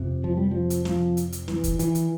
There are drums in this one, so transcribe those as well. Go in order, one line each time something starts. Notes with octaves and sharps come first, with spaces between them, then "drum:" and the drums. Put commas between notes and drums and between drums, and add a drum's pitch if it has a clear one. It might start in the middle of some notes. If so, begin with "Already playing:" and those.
Already playing: F2 C3
F3
G3
F3
drum: hi-hat
F3, drum: snare
drum: hi-hat
drum: hi-hat
E3, drum: snare
drum: kick, hi-hat
E3, drum: hi-hat
drum: hi-hat